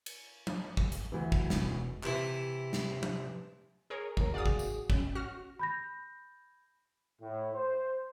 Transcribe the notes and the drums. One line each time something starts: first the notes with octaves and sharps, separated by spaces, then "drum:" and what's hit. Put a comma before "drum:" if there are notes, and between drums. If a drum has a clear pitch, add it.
drum: cymbal
drum: tom
drum: kick
drum: hi-hat
D2 E3
drum: kick
E1, drum: snare
C3 E3 E4, drum: clap
drum: snare
drum: tom
G#4 A#4 C#5
D#2 A#4 A#5, drum: kick
F#4 G#4 D5 F5 D#6
drum: kick
drum: tambourine
C#4, drum: kick
F#4 F6 A#6
B5 G6 A#6
A2
C5